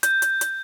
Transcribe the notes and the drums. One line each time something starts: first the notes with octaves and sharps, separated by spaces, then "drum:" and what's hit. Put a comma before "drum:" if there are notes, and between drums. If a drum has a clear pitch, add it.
G6, drum: hi-hat
drum: hi-hat
drum: hi-hat